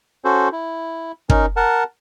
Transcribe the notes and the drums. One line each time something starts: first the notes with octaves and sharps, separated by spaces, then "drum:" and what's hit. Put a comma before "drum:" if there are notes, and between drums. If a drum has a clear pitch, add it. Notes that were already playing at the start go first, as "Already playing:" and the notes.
C#4 F#4 A4 C5
E4
C#4 D#4 A#4, drum: kick
A#4 F#5 A5